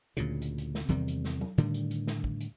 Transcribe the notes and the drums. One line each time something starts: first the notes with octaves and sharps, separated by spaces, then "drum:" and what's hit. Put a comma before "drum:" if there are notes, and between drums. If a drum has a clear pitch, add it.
D2 A#2 C#3
drum: hi-hat
drum: hi-hat
drum: snare
E2 C3 D#3 G3, drum: kick, hi-hat
drum: hi-hat
drum: snare
drum: tom F#3
A2 D3 D#3 G3, drum: hi-hat
drum: hi-hat
drum: hi-hat
drum: snare
drum: kick
drum: hi-hat